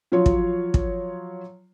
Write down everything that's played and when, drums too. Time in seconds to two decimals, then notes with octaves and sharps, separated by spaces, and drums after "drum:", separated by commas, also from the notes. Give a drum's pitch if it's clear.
0.12 F3 F#3 F4 C#5
0.26 drum: kick
0.74 drum: kick